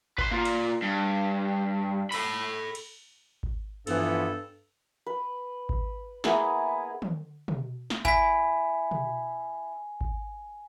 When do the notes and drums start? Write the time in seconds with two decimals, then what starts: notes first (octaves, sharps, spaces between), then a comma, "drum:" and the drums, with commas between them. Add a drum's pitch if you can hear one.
0.18 B4 C6, drum: kick G#1
0.31 A#3 F4
0.45 drum: cymbal
0.82 G2
2.12 A4 B5, drum: cymbal
2.75 drum: cymbal
3.43 drum: kick G#1
3.87 G2 E3 F3 B3 A4, drum: cymbal
5.06 B4
5.69 drum: kick G#1
6.24 A#3 B3 E4 G#4, drum: snare
7.02 drum: tom
7.48 drum: tom
7.90 drum: snare
8.05 E4 G#5 B6, drum: kick G#1
8.91 drum: tom
10.01 drum: kick G#1